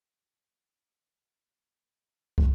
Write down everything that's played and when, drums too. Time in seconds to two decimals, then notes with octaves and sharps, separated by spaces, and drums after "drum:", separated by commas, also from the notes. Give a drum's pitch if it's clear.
0.18 B3 C4 D4
1.50 A#3 A#4 B5
2.38 drum: kick